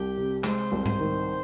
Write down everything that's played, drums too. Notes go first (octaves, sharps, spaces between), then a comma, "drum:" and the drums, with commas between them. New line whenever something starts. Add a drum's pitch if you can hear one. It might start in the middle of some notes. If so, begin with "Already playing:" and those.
Already playing: C2 G4
C3
G#3 C5, drum: clap
C2
C5, drum: tom G#2
D#3